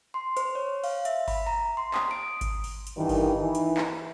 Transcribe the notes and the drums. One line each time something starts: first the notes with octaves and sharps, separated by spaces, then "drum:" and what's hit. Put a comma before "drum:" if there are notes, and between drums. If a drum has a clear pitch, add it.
C6
C5, drum: hi-hat
C#5
F5, drum: open hi-hat
E5, drum: hi-hat
B5, drum: kick G#1, open hi-hat
A#5
C6
D#6, drum: clap
D7
drum: kick G#1, hi-hat
drum: open hi-hat
drum: hi-hat
G2 D#3 E3
drum: kick G#1, open hi-hat
E3 D#4
drum: hi-hat
drum: clap